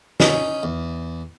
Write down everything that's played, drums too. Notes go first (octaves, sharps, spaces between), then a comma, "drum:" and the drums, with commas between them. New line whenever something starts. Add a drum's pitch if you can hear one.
C#4 D#4 C#5, drum: snare
E2